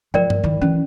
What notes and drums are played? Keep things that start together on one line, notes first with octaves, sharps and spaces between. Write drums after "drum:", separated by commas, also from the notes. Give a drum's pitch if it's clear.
F3 A#4 D5 G5
drum: tom G2
D#3 E4
E3 C#4